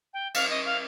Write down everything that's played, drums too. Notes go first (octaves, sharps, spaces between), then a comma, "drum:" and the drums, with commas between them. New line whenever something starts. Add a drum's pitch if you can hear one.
G5
F5, drum: cymbal
D#5
F5